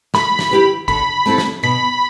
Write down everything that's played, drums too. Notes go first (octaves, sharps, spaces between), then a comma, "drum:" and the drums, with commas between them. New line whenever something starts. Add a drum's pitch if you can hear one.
A3 B5, drum: snare
drum: snare
E4 G4 B4
D3 B5, drum: kick
A3 C4 E4 A4
drum: snare
B2 B5